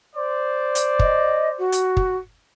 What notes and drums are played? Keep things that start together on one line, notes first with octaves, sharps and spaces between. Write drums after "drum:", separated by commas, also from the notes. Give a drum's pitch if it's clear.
C5 D5
drum: hi-hat
D#5, drum: kick
F#4
drum: hi-hat
drum: kick